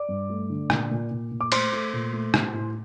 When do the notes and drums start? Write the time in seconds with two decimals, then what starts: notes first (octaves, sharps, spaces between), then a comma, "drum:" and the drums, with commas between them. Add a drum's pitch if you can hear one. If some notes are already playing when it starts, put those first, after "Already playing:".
Already playing: D5 D6
0.09 G2
0.29 A3
0.50 D3
0.70 A#2, drum: rim click
0.91 A#2
1.11 A#2
1.31 A#2
1.41 D6
1.52 A3 C5 C6, drum: cymbal
1.72 A3
1.93 A#2
2.13 A3
2.34 A2, drum: rim click
2.54 A2